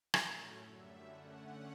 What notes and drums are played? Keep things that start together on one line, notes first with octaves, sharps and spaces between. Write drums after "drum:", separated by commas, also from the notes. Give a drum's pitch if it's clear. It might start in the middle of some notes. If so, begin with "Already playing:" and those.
A2 F#3 A3 C#4, drum: rim click
F#2 D3 G3 E5
D3 A3 C#4 F#5